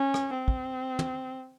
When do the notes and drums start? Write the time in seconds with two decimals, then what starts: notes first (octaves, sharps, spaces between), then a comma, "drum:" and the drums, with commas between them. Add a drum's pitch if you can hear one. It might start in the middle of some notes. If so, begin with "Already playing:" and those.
Already playing: C#4
0.14 drum: rim click
0.33 C4
0.48 drum: kick
0.99 drum: tom